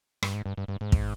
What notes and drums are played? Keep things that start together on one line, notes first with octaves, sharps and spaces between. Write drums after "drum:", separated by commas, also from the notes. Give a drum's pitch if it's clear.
G2, drum: rim click
G#2
G2
G2
G2
G#2
drum: kick